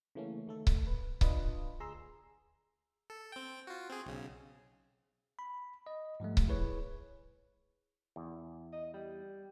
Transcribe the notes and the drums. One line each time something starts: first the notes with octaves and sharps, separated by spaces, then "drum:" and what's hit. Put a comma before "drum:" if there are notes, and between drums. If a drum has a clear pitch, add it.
C#3 E3 A3 A#3 C#4
D#3 A3 A4
drum: kick C#1
B4
D4 F4 B4 D#5, drum: kick C#1
D2 G#4 A#5 C6 E6
A4
C4 G5
F4 F#4
C4 G#4
B1 C#3
B5
D#5
G#2 F3 G3 A3
drum: kick C#1
E4 G#4 B4 C#5
E2
D#5
G3